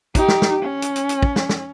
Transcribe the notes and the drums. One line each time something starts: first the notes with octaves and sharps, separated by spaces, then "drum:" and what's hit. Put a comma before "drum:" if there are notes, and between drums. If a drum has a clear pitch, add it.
D#4 G4, drum: kick, hi-hat
drum: snare
drum: snare
C#4
drum: hi-hat
drum: hi-hat
drum: hi-hat
drum: kick
drum: snare
drum: snare